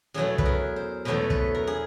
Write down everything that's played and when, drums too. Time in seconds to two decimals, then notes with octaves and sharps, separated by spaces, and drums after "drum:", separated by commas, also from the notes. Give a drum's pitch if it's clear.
0.14 E2 B2 F#3 A3 G#4
0.38 B4, drum: kick
0.45 A#4
0.76 C5
1.05 E2 B2 F#3 A3 C5
1.30 B4, drum: kick
1.55 A#4
1.67 G#4